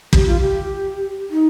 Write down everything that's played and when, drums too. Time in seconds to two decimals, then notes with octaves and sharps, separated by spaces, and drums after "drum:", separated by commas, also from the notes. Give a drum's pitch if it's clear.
0.13 G4, drum: kick
0.26 F4
0.40 G4
1.30 D#4